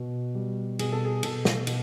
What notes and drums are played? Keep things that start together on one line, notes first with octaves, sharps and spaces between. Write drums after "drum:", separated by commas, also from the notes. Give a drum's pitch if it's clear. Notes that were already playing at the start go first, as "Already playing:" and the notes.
Already playing: B2 F#4
G3
B2 G#4, drum: cymbal
A4
G#4
B2 A4, drum: cymbal
drum: snare
B2, drum: cymbal